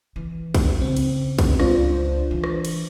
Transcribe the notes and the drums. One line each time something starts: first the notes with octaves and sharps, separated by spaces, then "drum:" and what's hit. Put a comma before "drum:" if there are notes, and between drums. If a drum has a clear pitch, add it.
E3
drum: kick, cymbal
C#3 C4
drum: cymbal
drum: kick, cymbal
C#2 D4 F4 C5, drum: rim click
E3
drum: rim click
drum: cymbal